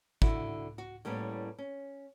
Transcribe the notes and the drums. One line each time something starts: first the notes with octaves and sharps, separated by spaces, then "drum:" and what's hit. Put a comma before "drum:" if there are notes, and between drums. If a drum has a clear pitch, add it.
D3 E4 F#4, drum: kick
F#4
A2 G3 A#3 B3 C#4
C#4